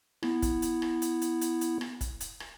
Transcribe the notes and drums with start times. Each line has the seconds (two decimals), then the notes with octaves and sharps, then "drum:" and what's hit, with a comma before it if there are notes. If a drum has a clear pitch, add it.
0.23 B3 E4, drum: rim click
0.42 drum: kick, hi-hat
0.62 drum: hi-hat
0.82 drum: rim click
1.02 drum: hi-hat
1.22 drum: hi-hat
1.41 drum: hi-hat
1.61 drum: hi-hat
1.81 drum: rim click
2.01 drum: kick, hi-hat
2.20 drum: hi-hat
2.40 drum: rim click